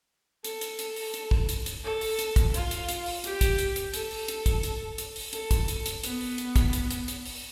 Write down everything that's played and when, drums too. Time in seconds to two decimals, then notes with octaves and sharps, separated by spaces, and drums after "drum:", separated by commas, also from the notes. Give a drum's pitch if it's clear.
0.44 A4, drum: hi-hat
0.61 drum: hi-hat
0.79 drum: hi-hat
0.96 drum: open hi-hat
1.14 drum: hi-hat
1.31 drum: kick
1.49 drum: hi-hat
1.66 drum: hi-hat
1.84 A4
2.01 drum: open hi-hat
2.19 drum: hi-hat
2.36 drum: kick, hi-hat
2.54 F4, drum: hi-hat
2.71 drum: hi-hat
2.89 drum: hi-hat
3.06 drum: open hi-hat
3.24 G4, drum: hi-hat
3.41 drum: kick, hi-hat
3.58 drum: hi-hat
3.76 drum: hi-hat
3.94 A4, drum: hi-hat
4.11 drum: open hi-hat
4.28 drum: hi-hat
4.46 drum: kick, hi-hat
4.63 drum: hi-hat
4.98 drum: hi-hat
5.16 drum: open hi-hat
5.33 A4, drum: hi-hat
5.51 drum: kick, hi-hat
5.68 drum: hi-hat
5.86 drum: hi-hat
6.04 B3, drum: hi-hat
6.21 drum: open hi-hat
6.38 drum: hi-hat
6.56 drum: kick, hi-hat
6.73 drum: hi-hat
6.91 drum: hi-hat
7.08 drum: hi-hat
7.26 drum: open hi-hat